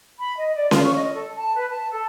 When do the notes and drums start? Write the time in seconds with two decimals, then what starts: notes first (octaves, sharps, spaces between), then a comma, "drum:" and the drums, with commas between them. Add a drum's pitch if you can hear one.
0.19 B5
0.38 D#5
0.55 D5
0.71 F4, drum: snare C#4
0.84 C#6
0.95 D#5
1.14 A4
1.36 A5
1.55 B4
1.70 A5
1.91 A4